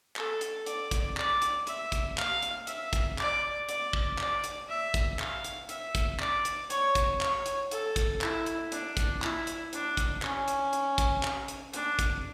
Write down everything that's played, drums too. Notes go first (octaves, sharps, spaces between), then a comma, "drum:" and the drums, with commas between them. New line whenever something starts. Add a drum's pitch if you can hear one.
A4, drum: clap
drum: hi-hat
D5, drum: hi-hat
drum: kick, hi-hat
D5, drum: clap
drum: hi-hat
E5, drum: hi-hat
drum: kick, hi-hat
F5, drum: clap
drum: hi-hat
E5, drum: hi-hat
drum: kick, hi-hat
D5, drum: clap
D5, drum: hi-hat
drum: kick
D5, drum: clap
drum: hi-hat
E5
drum: kick, hi-hat
F5, drum: clap
drum: hi-hat
E5, drum: hi-hat
drum: kick, hi-hat
D5, drum: clap
drum: hi-hat
C#5, drum: hi-hat
drum: kick, hi-hat
C#5, drum: clap
drum: hi-hat
A4, drum: hi-hat
drum: kick, hi-hat
E4, drum: clap
drum: hi-hat
D4, drum: hi-hat
drum: kick, hi-hat
E4, drum: clap
drum: hi-hat
D4, drum: hi-hat
drum: kick, hi-hat
C#4, drum: clap
drum: hi-hat
drum: hi-hat
drum: kick, hi-hat
drum: clap
drum: hi-hat
D4, drum: hi-hat
drum: kick, hi-hat